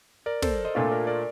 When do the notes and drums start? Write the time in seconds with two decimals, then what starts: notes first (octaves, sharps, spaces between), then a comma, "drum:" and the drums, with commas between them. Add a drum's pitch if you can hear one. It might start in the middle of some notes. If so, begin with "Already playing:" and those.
0.26 A#4 D5
0.42 A4 C5, drum: snare
0.65 C5 D#5
0.75 A#2 A3 D4 F4
0.91 A#4 D5
1.07 A#4 D5